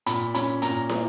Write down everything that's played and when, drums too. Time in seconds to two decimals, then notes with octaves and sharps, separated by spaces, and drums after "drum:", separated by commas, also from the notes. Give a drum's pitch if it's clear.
0.07 A#2 B5, drum: hi-hat
0.35 C#4 B5, drum: hi-hat
0.62 A#2 A#5, drum: hi-hat
0.89 A#3, drum: snare